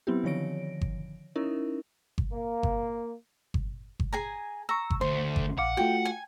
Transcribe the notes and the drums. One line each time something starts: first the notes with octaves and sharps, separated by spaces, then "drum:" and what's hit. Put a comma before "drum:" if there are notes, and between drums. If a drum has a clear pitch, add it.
F#3 B3 C4 E4 G4
D3 D#3 F3 C#5 A#6 D7
drum: kick G1
C#4 D#4 E4 A#4
drum: kick G1
A#3
drum: kick G1
drum: kick G1
drum: kick G1
G#4 G#5 A#5
A#5 C#6 E6
drum: kick G1
D2 C5 C6
drum: kick G1
A#1 F5 F#5 D6
A3 F4 F#4 G5
G#5